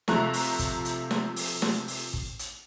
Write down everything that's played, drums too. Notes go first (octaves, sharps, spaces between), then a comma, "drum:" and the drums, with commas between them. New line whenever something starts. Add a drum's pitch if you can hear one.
C3 F3 A3 A#5 C#6 F#6, drum: snare
drum: open hi-hat
drum: kick, hi-hat
drum: hi-hat
drum: snare
drum: open hi-hat
drum: snare
drum: open hi-hat
drum: kick
drum: hi-hat